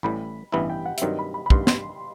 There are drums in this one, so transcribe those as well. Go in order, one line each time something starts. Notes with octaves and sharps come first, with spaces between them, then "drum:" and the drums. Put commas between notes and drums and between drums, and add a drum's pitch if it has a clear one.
A1 A2 E3 G3 B5
A1 G2 E3 B3 E4 B5
G5
F#5
E5, drum: hi-hat
G2 D#3 F#3 C4 D#5
B5
B5
B5
A1 G2 D#3 C6, drum: kick
C6, drum: snare